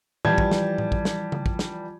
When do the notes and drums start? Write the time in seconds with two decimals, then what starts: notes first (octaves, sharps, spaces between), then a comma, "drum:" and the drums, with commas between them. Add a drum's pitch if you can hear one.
0.25 E3 F3 G3 A5 G6 G#6, drum: tom A2
0.38 drum: kick
0.51 drum: snare
0.78 drum: tom A2
0.92 drum: kick
1.05 drum: snare
1.32 drum: tom C#3
1.46 drum: kick
1.59 drum: snare